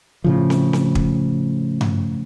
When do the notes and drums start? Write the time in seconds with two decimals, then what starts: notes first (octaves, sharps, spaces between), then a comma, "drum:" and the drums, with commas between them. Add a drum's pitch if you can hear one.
0.24 A2 C#3 F3
0.50 drum: snare C4
0.73 drum: snare C4
0.95 drum: kick
1.81 drum: tom G2